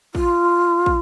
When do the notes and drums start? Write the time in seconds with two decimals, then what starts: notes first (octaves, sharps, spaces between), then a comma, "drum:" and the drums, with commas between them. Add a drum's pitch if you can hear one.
0.15 F4, drum: kick
0.86 drum: kick